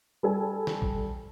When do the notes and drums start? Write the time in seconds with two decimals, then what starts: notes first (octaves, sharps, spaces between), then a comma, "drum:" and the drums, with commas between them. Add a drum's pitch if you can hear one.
0.23 G3 A4 G#5
0.67 drum: snare
0.82 drum: kick